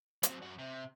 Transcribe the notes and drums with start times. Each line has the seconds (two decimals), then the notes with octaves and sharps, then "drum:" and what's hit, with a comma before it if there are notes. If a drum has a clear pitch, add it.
0.23 F#3 C4, drum: hi-hat
0.43 F#2 F#4
0.59 C3